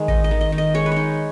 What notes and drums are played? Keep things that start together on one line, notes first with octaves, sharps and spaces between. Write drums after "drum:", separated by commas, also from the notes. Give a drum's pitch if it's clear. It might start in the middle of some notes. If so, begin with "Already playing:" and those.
Already playing: D#3 G#3
D#4 D#5, drum: kick A1
D#5
D#3
D#5
D#3
D#5
G#3 C#5
B4
D#4 C#5